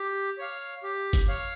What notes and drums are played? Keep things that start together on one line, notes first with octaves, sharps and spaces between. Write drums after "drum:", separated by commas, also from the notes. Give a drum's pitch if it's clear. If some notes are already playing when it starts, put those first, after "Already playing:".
Already playing: G4
C#5 F5
G4
drum: kick F#1, hi-hat
C#5 F5